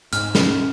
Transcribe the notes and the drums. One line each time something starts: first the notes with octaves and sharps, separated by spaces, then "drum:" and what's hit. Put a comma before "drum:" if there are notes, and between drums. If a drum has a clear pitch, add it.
G#2 F6, drum: hi-hat
C#4, drum: snare